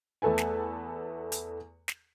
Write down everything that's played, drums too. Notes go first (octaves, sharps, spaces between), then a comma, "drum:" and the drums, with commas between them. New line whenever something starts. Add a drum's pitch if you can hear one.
E2 A3 A4 B4 G#5
drum: snare
drum: hi-hat
drum: snare